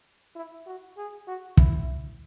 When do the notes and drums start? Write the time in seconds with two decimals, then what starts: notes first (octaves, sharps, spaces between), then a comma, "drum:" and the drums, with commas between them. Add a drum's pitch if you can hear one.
0.36 E4
0.67 F#4
0.97 G#4
1.27 F#4
1.57 E4, drum: kick